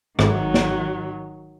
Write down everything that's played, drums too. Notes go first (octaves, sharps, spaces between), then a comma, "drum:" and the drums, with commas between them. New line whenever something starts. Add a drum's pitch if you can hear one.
G#1 D#3 F#3, drum: rim click
drum: snare